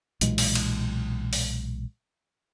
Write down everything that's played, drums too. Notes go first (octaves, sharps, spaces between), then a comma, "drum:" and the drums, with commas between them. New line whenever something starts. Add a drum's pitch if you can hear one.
B1 A#2 E3 G#3, drum: hi-hat
drum: open hi-hat
drum: cymbal
drum: open hi-hat